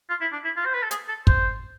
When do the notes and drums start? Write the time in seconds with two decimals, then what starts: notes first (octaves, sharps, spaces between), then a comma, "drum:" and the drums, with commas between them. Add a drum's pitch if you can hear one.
0.09 F4
0.21 E4
0.32 D4
0.44 E4
0.57 F4
0.65 C5
0.74 B4
0.83 A4
0.91 G#4, drum: hi-hat
1.09 A4
1.27 C5, drum: kick